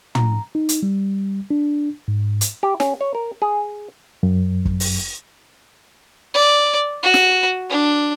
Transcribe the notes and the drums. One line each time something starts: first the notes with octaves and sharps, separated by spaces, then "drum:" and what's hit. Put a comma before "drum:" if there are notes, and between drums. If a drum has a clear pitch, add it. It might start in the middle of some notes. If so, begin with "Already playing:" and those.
A#5, drum: tom
D#4
drum: hi-hat
G3
D4
G#2
drum: hi-hat
G4
C#4, drum: snare
C#5
A#4
G#4
F#2
drum: kick
drum: open hi-hat
D5
F#4
drum: snare
D4